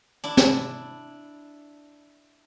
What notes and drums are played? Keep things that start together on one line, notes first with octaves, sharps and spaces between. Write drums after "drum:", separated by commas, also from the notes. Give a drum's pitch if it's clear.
D4 E4
drum: snare